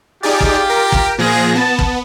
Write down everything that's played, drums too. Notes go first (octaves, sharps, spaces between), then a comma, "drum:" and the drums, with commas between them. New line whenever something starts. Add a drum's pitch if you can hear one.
D#4 F4 G4 G#4 D5
drum: kick
A#4
drum: kick
A#2 F3 B3 F4 G#4 A#6
B3 A5
drum: kick